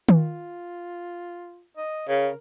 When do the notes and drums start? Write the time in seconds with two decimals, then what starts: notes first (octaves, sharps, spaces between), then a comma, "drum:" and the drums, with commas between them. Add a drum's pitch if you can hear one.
0.09 F4, drum: tom D#3
1.77 D#5
2.08 C#3 A#4